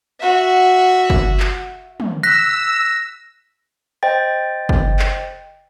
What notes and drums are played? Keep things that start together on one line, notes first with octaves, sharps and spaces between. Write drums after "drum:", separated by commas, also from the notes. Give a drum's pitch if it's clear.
F#4 E5
drum: kick
drum: clap
drum: tom
E6 F#6 A#6 B6
C5 D#5 G5 A6
drum: kick
drum: clap